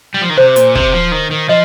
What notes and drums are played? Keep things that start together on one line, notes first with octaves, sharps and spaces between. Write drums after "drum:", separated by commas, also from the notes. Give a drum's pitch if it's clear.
G3
F3
D#3
C3 C5
A#2, drum: hi-hat
C3, drum: kick
F3
D#3
D#3
F3 D#5